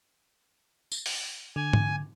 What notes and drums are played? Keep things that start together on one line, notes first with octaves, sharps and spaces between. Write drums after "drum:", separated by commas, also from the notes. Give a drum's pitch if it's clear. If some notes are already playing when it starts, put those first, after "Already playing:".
drum: tambourine
drum: open hi-hat
D3 G#5
drum: tom G#2